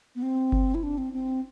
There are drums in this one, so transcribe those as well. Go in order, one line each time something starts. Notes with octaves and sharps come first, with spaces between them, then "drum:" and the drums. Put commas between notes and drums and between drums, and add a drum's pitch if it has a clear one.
B3
C4
drum: kick F#1
E4
D4
C4
C4